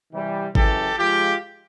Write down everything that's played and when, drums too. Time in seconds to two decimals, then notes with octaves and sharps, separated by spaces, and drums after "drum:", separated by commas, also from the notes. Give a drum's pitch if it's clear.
0.13 C3 E3 G3
0.55 F#2 C#3 E3 G4 A4, drum: kick G#1
0.97 G#2 F3 G#3 F4 G4